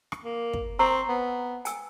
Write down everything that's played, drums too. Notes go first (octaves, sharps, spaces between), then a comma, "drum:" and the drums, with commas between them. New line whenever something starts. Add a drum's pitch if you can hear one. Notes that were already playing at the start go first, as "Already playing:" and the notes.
drum: rim click
A#3
drum: kick
C4 A#5 C#6 E6
B3
G#5 E6, drum: hi-hat